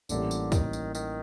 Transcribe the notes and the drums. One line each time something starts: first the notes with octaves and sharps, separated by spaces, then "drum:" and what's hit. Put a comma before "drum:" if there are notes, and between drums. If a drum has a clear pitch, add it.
A1 A2 D3 G3 A#3, drum: tambourine
drum: tambourine
D#3, drum: kick, tambourine
drum: tambourine
D#3, drum: tambourine